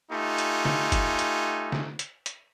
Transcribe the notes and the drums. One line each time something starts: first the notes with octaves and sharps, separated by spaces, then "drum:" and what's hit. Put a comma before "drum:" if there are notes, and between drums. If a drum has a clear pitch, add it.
A3 D#4 F4 G4 G#5
drum: hi-hat
drum: snare
drum: kick, hi-hat
drum: hi-hat
drum: snare
drum: hi-hat
drum: hi-hat